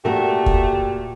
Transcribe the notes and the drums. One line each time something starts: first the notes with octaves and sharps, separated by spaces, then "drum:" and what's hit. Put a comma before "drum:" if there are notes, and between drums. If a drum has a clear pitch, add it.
A#2 A3 F#4 G4 A#4
drum: kick